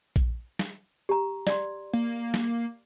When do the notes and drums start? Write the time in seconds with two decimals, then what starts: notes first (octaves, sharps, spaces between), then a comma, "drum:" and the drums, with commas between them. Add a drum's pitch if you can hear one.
0.16 drum: kick A#1, hi-hat
0.59 drum: snare
1.09 G4 A#5
1.47 D5 C6, drum: snare
1.93 A#3
2.34 drum: snare